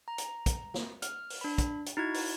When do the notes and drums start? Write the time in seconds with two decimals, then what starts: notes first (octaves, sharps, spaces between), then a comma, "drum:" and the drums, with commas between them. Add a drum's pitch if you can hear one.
0.08 A#5
0.18 drum: hi-hat
0.46 drum: kick, hi-hat
0.74 drum: snare
1.02 F6, drum: hi-hat
1.30 drum: open hi-hat
1.41 D4 B5
1.58 drum: kick, hi-hat
1.86 drum: hi-hat
1.97 D#4 E4 F#4 G#6
2.14 drum: open hi-hat